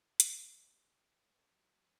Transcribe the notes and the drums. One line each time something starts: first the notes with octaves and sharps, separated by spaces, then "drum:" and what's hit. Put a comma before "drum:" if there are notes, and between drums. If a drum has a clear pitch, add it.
B3 G4, drum: hi-hat
G5
A4 D5 A#5
F2 F#3 G3 F5 F#5